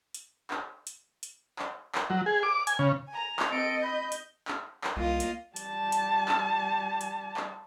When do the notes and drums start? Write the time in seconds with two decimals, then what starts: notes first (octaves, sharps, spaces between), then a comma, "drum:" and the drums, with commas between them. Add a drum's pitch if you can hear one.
0.14 drum: hi-hat
0.51 drum: clap
0.87 drum: hi-hat
1.23 drum: hi-hat
1.59 drum: clap
1.95 drum: clap
2.10 F#3
2.26 G#4
2.43 D6
2.67 G#5, drum: hi-hat
2.79 C#3
3.10 G#5 A#5
3.40 drum: clap
3.51 C4 A4 D#5 D7
3.84 B5 G6
4.12 drum: hi-hat
4.48 drum: clap
4.84 drum: clap
4.96 C2 A#3 F4 D#5
5.20 drum: hi-hat
5.56 G3 A5, drum: hi-hat
5.92 drum: hi-hat
6.28 drum: clap
7.01 drum: hi-hat
7.37 drum: clap